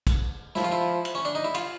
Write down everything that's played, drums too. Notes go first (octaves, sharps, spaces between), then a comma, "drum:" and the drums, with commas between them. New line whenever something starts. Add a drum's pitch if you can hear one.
drum: kick, cymbal
F3 E4, drum: snare
F4
E4
drum: cymbal
C#4
D4
D#4
E4
F4, drum: cymbal